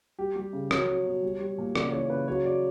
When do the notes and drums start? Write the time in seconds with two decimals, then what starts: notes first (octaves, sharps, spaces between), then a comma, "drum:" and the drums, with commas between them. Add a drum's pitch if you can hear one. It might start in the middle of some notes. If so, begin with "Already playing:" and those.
0.19 G3 G4
0.36 G3 G4
0.53 C#3
0.71 F#3 C#5, drum: rim click
0.89 F#3
1.06 B2
1.23 G3
1.40 G3
1.58 A#2
1.76 C#3 D5, drum: rim click
1.92 E3 C#5
2.10 C#3 B4
2.28 F#3 C#5
2.44 F#3 D5